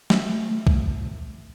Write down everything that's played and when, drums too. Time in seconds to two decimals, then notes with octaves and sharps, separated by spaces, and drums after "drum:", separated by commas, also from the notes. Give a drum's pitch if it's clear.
0.10 A3, drum: snare
0.67 drum: kick B1